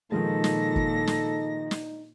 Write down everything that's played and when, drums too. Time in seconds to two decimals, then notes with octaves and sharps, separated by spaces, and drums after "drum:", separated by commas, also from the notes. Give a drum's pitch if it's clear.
0.12 A#2 D#3 F3 G#3 D#4 A4 A#6
0.44 drum: snare
0.76 drum: kick
1.07 drum: snare
1.71 drum: snare